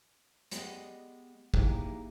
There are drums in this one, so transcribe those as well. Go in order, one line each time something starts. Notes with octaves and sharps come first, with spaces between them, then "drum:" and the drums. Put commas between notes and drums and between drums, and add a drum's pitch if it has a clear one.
G#3 B3 G4 D5 D#5, drum: hi-hat
A#3 D#4 E4 G4 G#4, drum: kick